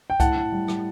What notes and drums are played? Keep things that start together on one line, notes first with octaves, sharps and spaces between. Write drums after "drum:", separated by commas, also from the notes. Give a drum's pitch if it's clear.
G5
A2 F#5 A5, drum: kick C2, hi-hat
A2
G3
G3, drum: rim click